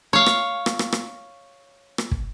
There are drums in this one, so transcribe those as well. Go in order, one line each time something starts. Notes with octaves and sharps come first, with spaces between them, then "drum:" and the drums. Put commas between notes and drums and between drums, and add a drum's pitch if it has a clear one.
C#5 F5
drum: rim click
drum: rim click
drum: rim click
drum: rim click
drum: rim click
drum: kick